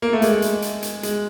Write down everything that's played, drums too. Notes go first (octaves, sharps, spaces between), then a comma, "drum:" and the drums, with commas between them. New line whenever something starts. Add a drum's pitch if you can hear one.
A#3
A3
G#3, drum: hi-hat
drum: hi-hat
drum: hi-hat
drum: hi-hat
G#3, drum: hi-hat